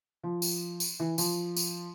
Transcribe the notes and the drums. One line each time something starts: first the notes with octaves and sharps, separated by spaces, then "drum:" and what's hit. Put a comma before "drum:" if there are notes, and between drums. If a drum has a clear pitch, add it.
F3
drum: tambourine
drum: tambourine
E3
F3, drum: tambourine
drum: tambourine